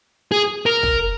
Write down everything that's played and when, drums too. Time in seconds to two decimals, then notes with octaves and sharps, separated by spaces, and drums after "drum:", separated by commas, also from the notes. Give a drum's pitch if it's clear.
0.32 G#4
0.66 A#4
0.83 drum: kick